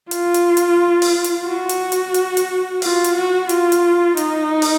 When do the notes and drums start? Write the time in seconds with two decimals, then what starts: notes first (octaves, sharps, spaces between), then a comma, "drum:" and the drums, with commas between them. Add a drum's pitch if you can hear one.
0.11 F4, drum: hi-hat
0.34 drum: hi-hat
0.57 drum: hi-hat
1.02 drum: open hi-hat
1.24 drum: hi-hat
1.47 F#4
1.69 drum: hi-hat
1.92 drum: hi-hat
2.14 drum: hi-hat
2.37 drum: hi-hat
2.82 F4, drum: open hi-hat
3.04 drum: hi-hat
3.15 F#4
3.49 F4, drum: hi-hat
3.72 drum: hi-hat
4.17 D#4, drum: hi-hat
4.62 drum: open hi-hat